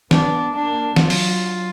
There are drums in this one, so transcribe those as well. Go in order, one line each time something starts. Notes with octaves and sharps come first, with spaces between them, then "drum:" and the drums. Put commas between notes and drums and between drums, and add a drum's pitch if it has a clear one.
B3 D4, drum: snare
A#3 D4
F#3 F4, drum: snare
drum: open hi-hat